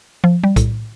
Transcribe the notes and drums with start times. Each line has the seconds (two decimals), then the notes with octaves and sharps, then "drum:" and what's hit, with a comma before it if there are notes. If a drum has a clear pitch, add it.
0.24 F3
0.44 G3
0.56 A2, drum: kick B1, hi-hat